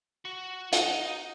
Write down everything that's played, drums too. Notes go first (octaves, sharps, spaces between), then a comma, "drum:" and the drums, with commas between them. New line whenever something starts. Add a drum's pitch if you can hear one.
F#4
D#4 F#4, drum: hi-hat